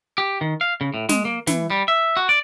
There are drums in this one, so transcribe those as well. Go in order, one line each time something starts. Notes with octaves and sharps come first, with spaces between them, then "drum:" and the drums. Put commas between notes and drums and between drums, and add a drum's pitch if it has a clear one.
G4
D#3
F5
C#3
A2
G#3, drum: snare
A#3
E3, drum: snare
G3
E5
F#4
D5